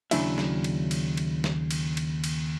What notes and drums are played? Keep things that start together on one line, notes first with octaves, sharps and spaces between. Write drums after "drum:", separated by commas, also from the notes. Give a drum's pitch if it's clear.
D#2 C#3 F#3 D4 E4 E5, drum: cymbal
drum: snare
drum: cymbal
drum: cymbal
drum: cymbal
drum: snare
drum: cymbal
drum: cymbal
drum: cymbal